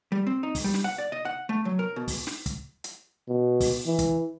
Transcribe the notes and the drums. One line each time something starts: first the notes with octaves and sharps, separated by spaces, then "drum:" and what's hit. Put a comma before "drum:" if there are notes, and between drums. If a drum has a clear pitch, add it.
G3
C4
D#4
drum: kick, open hi-hat
G3
drum: snare
F#5
D5
D#5
F#5
A3
F#3
A#4
B2
drum: kick, open hi-hat
drum: snare
drum: kick, hi-hat
drum: hi-hat
B2
drum: kick, open hi-hat
E3
drum: kick, hi-hat